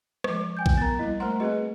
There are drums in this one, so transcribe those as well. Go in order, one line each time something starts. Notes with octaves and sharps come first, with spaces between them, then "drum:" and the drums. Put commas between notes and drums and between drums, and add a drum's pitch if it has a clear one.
F3 G#3, drum: rim click
G5 G#5 G6
drum: kick A#1
B3 A#4 A#5 A6
G3 A#3 E4 D#5
A3 A#4 C5 F#5 A#5 C6
A#3 C4 F#4 G#4 B4 D#5